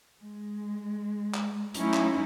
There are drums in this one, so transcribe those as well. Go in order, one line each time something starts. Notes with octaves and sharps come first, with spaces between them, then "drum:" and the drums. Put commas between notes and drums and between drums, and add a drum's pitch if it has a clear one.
G#3
drum: clap
F#3 A3 C#4 D#4 E4, drum: hi-hat
drum: clap